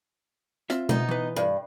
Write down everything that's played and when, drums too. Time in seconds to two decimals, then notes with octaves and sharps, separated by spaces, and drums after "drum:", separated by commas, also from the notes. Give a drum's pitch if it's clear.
0.70 C4 F4 E5, drum: hi-hat
0.89 B3 D#4, drum: tom B2
1.08 E3 B4
1.36 G2